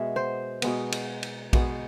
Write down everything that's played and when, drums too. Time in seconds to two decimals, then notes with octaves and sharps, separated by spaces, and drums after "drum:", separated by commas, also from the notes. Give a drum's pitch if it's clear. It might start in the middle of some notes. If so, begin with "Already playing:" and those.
Already playing: B2 G#3 B3 E5
0.16 C5
0.62 B2 G#3 B3, drum: cymbal
0.92 drum: cymbal
1.23 drum: cymbal
1.53 B2 G#3 B3, drum: kick A#1, cymbal